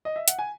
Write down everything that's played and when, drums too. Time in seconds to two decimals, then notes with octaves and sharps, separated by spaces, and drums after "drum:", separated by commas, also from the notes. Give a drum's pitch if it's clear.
0.05 D#5
0.16 E5
0.28 F#5, drum: hi-hat
0.39 G#5